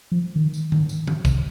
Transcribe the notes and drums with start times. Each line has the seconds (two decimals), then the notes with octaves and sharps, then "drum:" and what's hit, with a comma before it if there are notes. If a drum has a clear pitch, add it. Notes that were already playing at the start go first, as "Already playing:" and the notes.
0.12 F3
0.36 D#3
0.54 drum: tambourine
0.72 D#3, drum: tom G#2
0.89 drum: tambourine
1.07 D#3, drum: tom E3
1.25 C3, drum: kick, tambourine